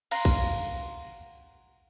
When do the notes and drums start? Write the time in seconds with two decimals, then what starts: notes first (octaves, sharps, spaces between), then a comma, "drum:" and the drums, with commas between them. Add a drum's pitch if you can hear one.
0.11 F5 F#5 A#5 C6, drum: cymbal
0.25 drum: kick